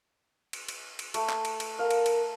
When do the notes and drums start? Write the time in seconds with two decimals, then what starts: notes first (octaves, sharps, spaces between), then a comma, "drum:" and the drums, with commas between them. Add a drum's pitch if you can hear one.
0.53 drum: cymbal
0.68 drum: cymbal
0.99 drum: cymbal
1.14 A3, drum: cymbal
1.29 drum: clap
1.45 drum: cymbal
1.60 drum: cymbal
1.79 A#4 F5
1.91 drum: cymbal
2.06 drum: cymbal